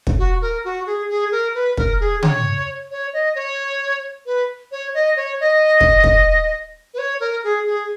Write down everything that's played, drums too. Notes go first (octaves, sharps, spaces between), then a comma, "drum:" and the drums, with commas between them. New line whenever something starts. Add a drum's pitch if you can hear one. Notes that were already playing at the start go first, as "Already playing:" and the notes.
drum: kick
F#4
A#4
F#4
G#4
G#4
A#4
B4
A#4, drum: kick
G#4
C#5, drum: tom C#3
C#5
D#5
C#5
B4
C#5
D#5
C#5
D#5
drum: kick
drum: kick
B4
C#5
A#4
G#4
G#4